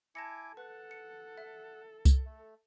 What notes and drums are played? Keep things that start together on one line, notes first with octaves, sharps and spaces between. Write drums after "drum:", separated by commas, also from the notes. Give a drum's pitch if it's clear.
E4 G#5 A5 D6 A#6 C#7
A4 B4 F#5
C#7
E5
drum: kick C2, tambourine
A3